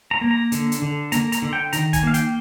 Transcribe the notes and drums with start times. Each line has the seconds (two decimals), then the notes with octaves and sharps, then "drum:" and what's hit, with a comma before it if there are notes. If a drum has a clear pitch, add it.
0.11 A#5
0.21 A#3
0.31 A#5
0.52 D3, drum: hi-hat
0.72 drum: hi-hat
0.82 D3
1.12 A#3 A#5, drum: hi-hat
1.32 A#5, drum: hi-hat
1.42 D3
1.53 G5
1.73 D#3 A#5, drum: hi-hat
1.93 G#5, drum: kick, hi-hat
2.03 A#3 F5
2.14 G5, drum: hi-hat